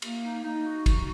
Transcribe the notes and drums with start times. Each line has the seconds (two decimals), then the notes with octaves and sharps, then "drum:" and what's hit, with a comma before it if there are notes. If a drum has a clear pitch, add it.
0.02 A#3, drum: cymbal
0.23 D#4
0.44 D#4
0.65 F#4
0.86 F#4, drum: kick, cymbal